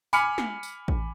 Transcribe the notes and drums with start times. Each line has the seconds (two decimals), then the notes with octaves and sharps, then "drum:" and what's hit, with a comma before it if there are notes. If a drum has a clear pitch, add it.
0.13 G#5 B5 D6 F6 C#7, drum: tambourine
0.38 drum: snare
0.63 drum: tambourine
0.88 drum: kick A1